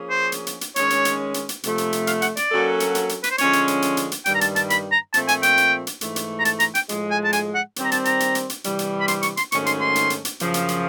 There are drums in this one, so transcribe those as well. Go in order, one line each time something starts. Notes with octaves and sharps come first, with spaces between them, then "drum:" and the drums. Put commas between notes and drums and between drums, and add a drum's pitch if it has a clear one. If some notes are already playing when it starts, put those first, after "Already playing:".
Already playing: F3 A#3 C#4 F4 G#4
C5
drum: hi-hat
drum: hi-hat
drum: hi-hat
D#3 G#3 C#4 C#5, drum: hi-hat
drum: hi-hat
drum: hi-hat
drum: hi-hat
drum: hi-hat
C3 F3 A3, drum: hi-hat
drum: hi-hat
drum: hi-hat
F5, drum: hi-hat
F#5, drum: hi-hat
D5, drum: hi-hat
F#3 A#3 C#4 F#4 A4
drum: hi-hat
drum: hi-hat
drum: hi-hat
B4, drum: hi-hat
C5
D3 F3 G#3 C#4 C#5, drum: hi-hat
drum: hi-hat
drum: hi-hat
drum: hi-hat
drum: hi-hat
drum: hi-hat
G2 D#3 G3 G5, drum: hi-hat
A#5
A5, drum: hi-hat
A5, drum: hi-hat
B5, drum: hi-hat
A#5
A#2 F3 A3 C4 A5, drum: hi-hat
G#5, drum: hi-hat
G5, drum: hi-hat
drum: hi-hat
drum: hi-hat
G#2 E3 A3, drum: hi-hat
drum: hi-hat
A#5
A5, drum: hi-hat
A#5, drum: hi-hat
G5, drum: hi-hat
A2 F3 G#3, drum: hi-hat
G#5
A5
G#5, drum: hi-hat
F#5
D#3 G3 C4, drum: hi-hat
A#5
A5, drum: hi-hat
A#5, drum: hi-hat
drum: hi-hat
drum: hi-hat
drum: hi-hat
C3 E3 G3, drum: hi-hat
drum: hi-hat
B5
C6, drum: hi-hat
C#6, drum: hi-hat
C6, drum: hi-hat
G#2 D#3 F#3 A3 C#4 C#6, drum: hi-hat
C6, drum: hi-hat
C6
drum: hi-hat
drum: hi-hat
drum: hi-hat
F#2 C#3 F3, drum: hi-hat
drum: hi-hat
drum: hi-hat